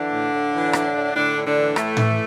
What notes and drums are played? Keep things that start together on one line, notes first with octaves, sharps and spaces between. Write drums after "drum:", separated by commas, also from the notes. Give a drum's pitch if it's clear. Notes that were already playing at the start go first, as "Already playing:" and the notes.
Already playing: D3 E3 D4
A2
A2
E3
A2, drum: rim click
A2
A2 D3 D4
A2
D3 D4
E3
A2 E3 A3, drum: rim click
E3, drum: tom A2